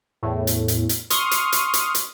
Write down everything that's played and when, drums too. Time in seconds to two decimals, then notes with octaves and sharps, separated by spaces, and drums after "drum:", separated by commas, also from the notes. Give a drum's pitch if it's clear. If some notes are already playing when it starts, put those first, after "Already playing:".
0.23 E2 A2
0.47 drum: hi-hat
0.68 drum: hi-hat
0.89 drum: hi-hat
1.10 C6 C#6 D#6 F6, drum: hi-hat
1.31 drum: hi-hat
1.52 drum: hi-hat
1.73 drum: hi-hat
1.95 drum: hi-hat